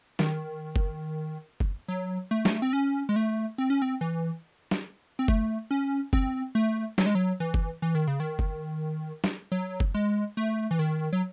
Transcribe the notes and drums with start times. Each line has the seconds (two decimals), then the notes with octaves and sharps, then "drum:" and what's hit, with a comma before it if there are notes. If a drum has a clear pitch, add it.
0.19 D#3, drum: snare
0.76 drum: kick F#1
1.60 drum: kick F#1
1.88 F#3
2.31 A3
2.45 drum: snare
2.62 C4
2.73 C#4
3.09 G#3
3.16 A3
3.58 C4
3.70 C#4
3.82 C4
4.01 E3
4.71 drum: snare
5.19 C4
5.28 A3, drum: kick F#1
5.71 C#4
6.13 C4, drum: kick F#1
6.55 A3
6.98 F#3, drum: snare
7.06 G#3
7.15 F#3
7.40 E3
7.54 drum: kick F#1
7.82 E3
7.95 D#3
8.07 C#3
8.20 D#3
8.39 drum: kick F#1
9.24 drum: snare
9.52 F#3
9.80 drum: kick F#1
9.94 G#3
10.37 A3
10.71 E3
10.79 D#3
11.13 F#3